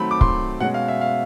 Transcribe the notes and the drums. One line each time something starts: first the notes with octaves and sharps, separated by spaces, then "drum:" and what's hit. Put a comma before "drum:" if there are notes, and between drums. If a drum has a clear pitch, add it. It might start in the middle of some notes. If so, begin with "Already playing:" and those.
Already playing: D#3 F#3 A3 C4 B5
D6
C6, drum: kick C#1
B2 G#3 C#4 F#5
F5
E5
F5